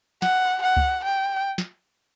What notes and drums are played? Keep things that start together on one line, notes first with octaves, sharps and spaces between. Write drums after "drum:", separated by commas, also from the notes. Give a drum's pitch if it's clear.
F#5, drum: snare
F#5
drum: kick C#2
G5
drum: snare